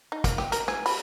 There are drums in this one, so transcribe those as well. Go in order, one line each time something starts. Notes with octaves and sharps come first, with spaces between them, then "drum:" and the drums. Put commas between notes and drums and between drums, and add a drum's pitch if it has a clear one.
D#4
A#3, drum: kick, hi-hat
G4, drum: rim click
A#4, drum: hi-hat
G#4, drum: rim click
B5, drum: open hi-hat